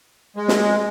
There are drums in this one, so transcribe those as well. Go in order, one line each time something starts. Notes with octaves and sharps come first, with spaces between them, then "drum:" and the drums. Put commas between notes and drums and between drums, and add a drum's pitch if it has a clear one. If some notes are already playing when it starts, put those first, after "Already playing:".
G#3
drum: snare